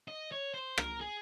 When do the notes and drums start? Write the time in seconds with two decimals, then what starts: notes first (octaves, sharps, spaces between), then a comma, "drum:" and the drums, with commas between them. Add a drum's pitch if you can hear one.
0.08 D#5
0.32 C#5
0.54 C5
0.78 A#4, drum: rim click
1.01 G#4